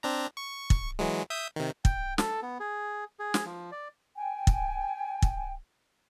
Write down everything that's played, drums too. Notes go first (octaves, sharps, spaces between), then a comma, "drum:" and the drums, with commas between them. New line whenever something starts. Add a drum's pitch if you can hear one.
C4 D4 A#5
C#6
drum: kick
E3 F#3 G#3
E5 D#6 G6
C3 D#3
G5, drum: kick
A4, drum: snare
B3
G#4
G#4
drum: snare
F3
D5
G5 G#5
drum: kick
drum: kick